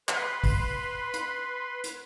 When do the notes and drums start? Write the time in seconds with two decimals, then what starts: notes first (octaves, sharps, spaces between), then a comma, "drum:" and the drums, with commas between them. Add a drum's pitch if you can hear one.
0.09 B4 B5 C6, drum: clap
0.44 drum: kick, open hi-hat
1.14 drum: hi-hat
1.84 drum: hi-hat